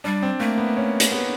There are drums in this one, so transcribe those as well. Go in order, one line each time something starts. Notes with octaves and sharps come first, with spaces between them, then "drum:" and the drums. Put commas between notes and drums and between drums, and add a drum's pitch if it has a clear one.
G3 D4
C4
A3 A#3
B3
C#4
drum: hi-hat
B3